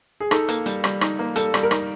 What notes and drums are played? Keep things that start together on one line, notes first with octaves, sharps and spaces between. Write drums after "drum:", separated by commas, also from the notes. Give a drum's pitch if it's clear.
G#4
D#4 A4, drum: rim click
A#3, drum: hi-hat
G3, drum: hi-hat
G3, drum: rim click
D#4, drum: rim click
A#3
G3 A4, drum: hi-hat
G3, drum: rim click
A#4
D#4, drum: rim click